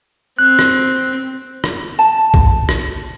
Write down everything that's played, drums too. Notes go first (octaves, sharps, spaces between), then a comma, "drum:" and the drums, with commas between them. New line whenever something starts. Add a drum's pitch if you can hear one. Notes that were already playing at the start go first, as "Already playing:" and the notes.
C4 F#6
drum: rim click
drum: rim click
A5
drum: kick A#1
drum: rim click